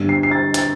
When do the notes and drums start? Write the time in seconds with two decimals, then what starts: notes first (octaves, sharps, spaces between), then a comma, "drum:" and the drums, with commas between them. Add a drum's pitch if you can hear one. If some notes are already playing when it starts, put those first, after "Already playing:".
Already playing: G1 G2 D3 G3
0.09 C7
0.23 C7
0.31 A6
0.54 A6, drum: hi-hat